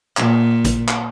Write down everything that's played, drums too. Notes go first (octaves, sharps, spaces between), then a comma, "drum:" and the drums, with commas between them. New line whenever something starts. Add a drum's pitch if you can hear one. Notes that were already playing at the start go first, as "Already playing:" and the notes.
A#2, drum: clap
drum: kick A1, hi-hat
drum: clap